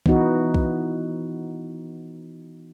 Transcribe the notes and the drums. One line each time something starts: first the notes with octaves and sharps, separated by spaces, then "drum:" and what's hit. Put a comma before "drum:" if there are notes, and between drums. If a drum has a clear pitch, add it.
E3 B3 D#4 F#4, drum: kick B1
drum: kick B1